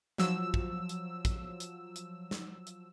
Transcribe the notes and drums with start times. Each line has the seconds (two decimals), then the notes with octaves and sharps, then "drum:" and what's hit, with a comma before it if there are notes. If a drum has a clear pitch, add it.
0.18 F3 F#3 E6, drum: snare
0.54 drum: kick
0.89 drum: hi-hat
1.25 drum: kick, hi-hat
1.60 drum: hi-hat
1.96 drum: hi-hat
2.31 drum: snare
2.67 drum: hi-hat